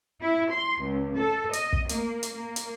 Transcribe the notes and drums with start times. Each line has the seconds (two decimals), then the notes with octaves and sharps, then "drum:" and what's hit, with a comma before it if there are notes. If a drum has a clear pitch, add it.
0.22 E4
0.51 C6
0.81 C#2
1.17 A4
1.53 D#5, drum: hi-hat
1.73 drum: kick
1.89 A#3, drum: hi-hat
2.23 drum: hi-hat
2.35 A#3
2.56 drum: hi-hat